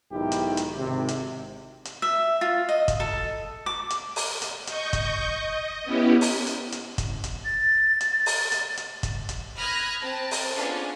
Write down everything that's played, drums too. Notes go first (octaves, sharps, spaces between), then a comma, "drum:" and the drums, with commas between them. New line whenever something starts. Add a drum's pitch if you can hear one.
B1 G#2 D#3 E4 G4
drum: hi-hat
drum: hi-hat
G#1 C3
drum: hi-hat
drum: hi-hat
E5
F4
D#5
drum: kick, hi-hat
A4
D6
drum: hi-hat
drum: open hi-hat
drum: hi-hat
D#5 C#6 G6, drum: hi-hat
drum: kick, hi-hat
D#5
B3 C#4 E4 G4
drum: open hi-hat
drum: hi-hat
drum: hi-hat
drum: kick, hi-hat
drum: hi-hat
A6
drum: hi-hat
drum: open hi-hat
drum: hi-hat
drum: hi-hat
drum: kick, hi-hat
drum: hi-hat
B5 D#6 F6 F#6 G#6 A#6
C4 A5
drum: open hi-hat
B3 C#4 D4 F4 G#4 A4